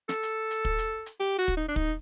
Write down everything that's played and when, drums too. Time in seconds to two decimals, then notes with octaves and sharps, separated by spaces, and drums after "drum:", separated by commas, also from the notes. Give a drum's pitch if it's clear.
0.09 A4, drum: snare
0.23 drum: hi-hat
0.51 drum: hi-hat
0.65 drum: kick
0.79 drum: hi-hat
1.06 drum: hi-hat
1.20 G4
1.39 F#4
1.48 drum: kick
1.57 D#4
1.69 D4
1.76 D#4, drum: kick